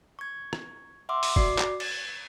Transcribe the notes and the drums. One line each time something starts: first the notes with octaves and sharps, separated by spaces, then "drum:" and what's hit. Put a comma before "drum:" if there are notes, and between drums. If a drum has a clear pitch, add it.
C#6 G#6
drum: rim click
E5 F#5 C6 D6 E6
drum: open hi-hat
F#4 D5 D6 C7, drum: kick
drum: clap
G#6 A6, drum: cymbal